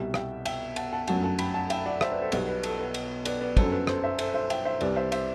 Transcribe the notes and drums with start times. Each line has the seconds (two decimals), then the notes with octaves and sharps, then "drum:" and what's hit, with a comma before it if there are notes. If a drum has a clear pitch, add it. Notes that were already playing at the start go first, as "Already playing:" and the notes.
Already playing: C2 B2 G3 E5 G5
0.14 E5 G5, drum: rim click
0.45 E5 G5, drum: cymbal
0.76 F#5 A5, drum: cymbal
0.93 F#5 A5
1.08 G1 F#2 F#3 A3 F#5 A5, drum: cymbal
1.23 F#5 A5
1.39 G5 B5, drum: cymbal
1.54 F#5 A5
1.70 E5 G5, drum: cymbal
1.86 D5 F#5
2.01 C5 E5, drum: rim click
2.11 B4 D5
2.22 A4 C5
2.32 B1 B2 G3 B4, drum: cymbal
2.48 B4
2.63 A4, drum: cymbal
2.78 B4
2.94 drum: cymbal
3.25 B4 D5, drum: cymbal
3.41 B4 D5
3.57 G1 F#2 F#3 A4 C5, drum: kick, cymbal
3.72 B4
3.87 A4 C5, drum: rim click
4.03 C5 E5
4.19 A4 C5, drum: cymbal
4.34 C5 E5
4.50 E5 G5, drum: cymbal
4.65 C5 E5
4.81 C2 C3 G3 B4 D5, drum: cymbal
4.96 C5 E5
5.12 C5 E5, drum: cymbal